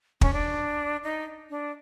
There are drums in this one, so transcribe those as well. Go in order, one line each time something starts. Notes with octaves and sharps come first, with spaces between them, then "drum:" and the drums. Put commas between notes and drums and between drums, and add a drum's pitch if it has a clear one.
C#4, drum: kick
D4
D#4
D4